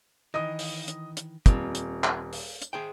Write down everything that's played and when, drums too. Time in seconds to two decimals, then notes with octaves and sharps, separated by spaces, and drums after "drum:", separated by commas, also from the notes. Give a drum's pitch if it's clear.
0.34 D#3 E3 D#5 D#6
0.59 drum: open hi-hat
0.88 drum: hi-hat
1.17 drum: hi-hat
1.46 D#1 C4 F4, drum: kick, hi-hat
1.75 drum: hi-hat
2.04 drum: clap
2.33 drum: open hi-hat
2.62 drum: hi-hat
2.73 G#4 C5 G5